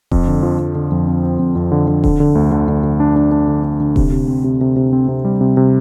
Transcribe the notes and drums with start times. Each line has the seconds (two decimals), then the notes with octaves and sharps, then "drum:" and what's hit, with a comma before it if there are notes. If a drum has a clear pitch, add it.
0.11 F2, drum: kick D#1
0.27 D3
0.43 F3
0.59 F2
0.75 D3
0.92 F2
1.07 C4
1.23 C4
1.39 F2
1.55 F2
1.72 D3
1.87 D3
2.04 D3, drum: kick D#1
2.20 D3
2.35 D2
2.52 D3
2.68 D3
2.84 D3
3.00 D4
3.16 D4
3.32 D4
3.48 D3
3.64 D4
3.80 D3
3.96 C3, drum: kick D#1
4.12 C3
4.28 C4
4.44 C3
4.61 C3
4.76 C3
4.93 C4
5.08 C3
5.25 G3
5.41 C3
5.57 C3